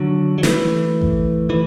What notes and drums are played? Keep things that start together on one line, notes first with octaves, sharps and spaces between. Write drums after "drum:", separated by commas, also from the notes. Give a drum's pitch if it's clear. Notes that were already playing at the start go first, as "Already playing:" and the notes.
Already playing: D3 F#3
F#3
E3 A3, drum: snare
drum: kick A1
E3